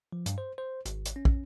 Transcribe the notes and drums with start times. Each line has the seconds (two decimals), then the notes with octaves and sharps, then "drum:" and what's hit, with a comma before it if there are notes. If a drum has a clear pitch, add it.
0.12 F3
0.26 G2, drum: hi-hat
0.38 C5
0.58 C5
0.86 G#1, drum: hi-hat
1.05 drum: hi-hat
1.16 C#4
1.25 drum: kick